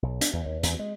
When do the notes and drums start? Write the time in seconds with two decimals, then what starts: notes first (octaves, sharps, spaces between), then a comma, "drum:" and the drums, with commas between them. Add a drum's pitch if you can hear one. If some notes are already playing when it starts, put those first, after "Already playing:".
0.02 B1
0.21 D4, drum: hi-hat
0.33 E2
0.46 D#2
0.63 E2, drum: hi-hat
0.79 G#3